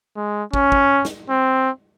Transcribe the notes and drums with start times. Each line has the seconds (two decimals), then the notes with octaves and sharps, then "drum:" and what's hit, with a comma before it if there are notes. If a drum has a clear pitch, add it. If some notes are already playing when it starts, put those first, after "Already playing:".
0.16 G#3
0.54 C#4, drum: kick
0.72 drum: kick
1.05 drum: snare
1.30 C4